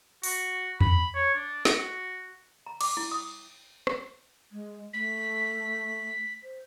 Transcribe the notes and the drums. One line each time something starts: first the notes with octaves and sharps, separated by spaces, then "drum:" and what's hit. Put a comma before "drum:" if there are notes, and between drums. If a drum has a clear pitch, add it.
F#4, drum: open hi-hat
B5, drum: tom E2
C#5
D4
F#4, drum: snare
A#5
D6, drum: cymbal
E4
D#6
drum: rim click
G#3
A3 B6
C5